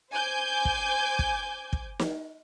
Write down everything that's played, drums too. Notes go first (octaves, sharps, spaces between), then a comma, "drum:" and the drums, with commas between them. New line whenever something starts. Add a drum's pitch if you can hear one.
C5 G#5 D6 G6 G#6
drum: kick
drum: kick
drum: kick
drum: snare